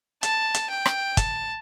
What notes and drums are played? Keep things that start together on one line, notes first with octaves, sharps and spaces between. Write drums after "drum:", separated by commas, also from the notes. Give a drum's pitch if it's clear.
A5, drum: hi-hat
drum: hi-hat
G5
drum: rim click
A5, drum: kick, hi-hat